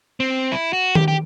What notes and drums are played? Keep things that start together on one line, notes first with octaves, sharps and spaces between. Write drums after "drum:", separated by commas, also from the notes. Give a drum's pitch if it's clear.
C4
E4
F#4
G4, drum: tom D#3
G4